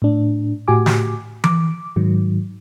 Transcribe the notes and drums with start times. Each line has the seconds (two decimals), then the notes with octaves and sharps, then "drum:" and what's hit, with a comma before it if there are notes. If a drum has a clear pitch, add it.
0.02 A2 D4
0.68 A2 F#4 G4 G#5 D6
0.86 drum: snare
1.44 D6, drum: tom E3
1.96 G#2 D#3 F#3